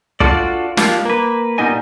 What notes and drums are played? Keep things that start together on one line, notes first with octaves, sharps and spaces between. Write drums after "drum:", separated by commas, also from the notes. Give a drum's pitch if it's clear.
D4 F4 F#4 A4 D5, drum: kick
F3 G3 A#3 D4 F4, drum: snare
A#3 B4
A#2 G3 B3 D#4 D#5 G#5